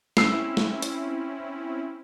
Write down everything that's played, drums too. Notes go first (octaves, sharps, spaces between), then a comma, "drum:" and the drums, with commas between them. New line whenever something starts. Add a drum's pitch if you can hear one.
C4 C#4 E4 E6 C7, drum: snare
drum: snare
drum: hi-hat